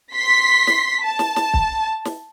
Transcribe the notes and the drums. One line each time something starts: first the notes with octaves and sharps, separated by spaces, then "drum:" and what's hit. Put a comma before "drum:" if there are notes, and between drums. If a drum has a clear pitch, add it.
C6 B6
drum: snare
A5
drum: snare
drum: snare
drum: kick
drum: snare